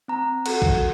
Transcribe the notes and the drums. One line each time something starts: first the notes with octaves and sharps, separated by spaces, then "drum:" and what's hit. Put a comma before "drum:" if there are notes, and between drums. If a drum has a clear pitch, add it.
C4 A#5
F#4 A4 F#5, drum: cymbal
drum: kick A1